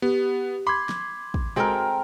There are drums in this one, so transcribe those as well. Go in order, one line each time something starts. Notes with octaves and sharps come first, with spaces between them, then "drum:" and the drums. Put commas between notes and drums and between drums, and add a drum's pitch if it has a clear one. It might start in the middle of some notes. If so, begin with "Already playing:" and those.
B3 G4
B5 C6 D6 G#6
drum: snare
drum: kick
G#3 C4 F#4 A4 A#4 G5